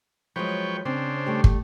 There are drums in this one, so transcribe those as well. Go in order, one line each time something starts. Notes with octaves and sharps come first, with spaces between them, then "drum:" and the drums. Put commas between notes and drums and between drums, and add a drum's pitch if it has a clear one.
F3 F#3 G#3 B4 C#5 G5
C#3 C4 D4 C5
G3 A3 G4
drum: kick